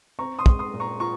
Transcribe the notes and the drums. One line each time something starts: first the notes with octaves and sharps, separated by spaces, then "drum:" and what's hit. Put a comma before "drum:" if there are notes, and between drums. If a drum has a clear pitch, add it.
C4 A#5 C#6
C6 D#6
G#3, drum: kick
C6 D#6
A#2
A#5 C#6
F4 A#5 C#6